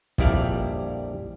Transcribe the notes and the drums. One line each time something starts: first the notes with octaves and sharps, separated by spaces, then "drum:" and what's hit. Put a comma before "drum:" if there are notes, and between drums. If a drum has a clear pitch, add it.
A#1 F2 G3 E4 D5 F5, drum: kick